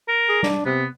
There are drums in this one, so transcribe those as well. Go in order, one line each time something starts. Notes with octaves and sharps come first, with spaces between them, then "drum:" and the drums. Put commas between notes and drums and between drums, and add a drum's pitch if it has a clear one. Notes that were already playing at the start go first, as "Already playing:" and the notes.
A#4
G#4
D4, drum: snare
C3 B3